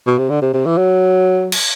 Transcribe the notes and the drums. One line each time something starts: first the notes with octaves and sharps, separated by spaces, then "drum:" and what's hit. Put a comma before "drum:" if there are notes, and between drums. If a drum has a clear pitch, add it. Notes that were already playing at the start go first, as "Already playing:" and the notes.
B2
C3
D3
C3
C3
E3
F#3
drum: cymbal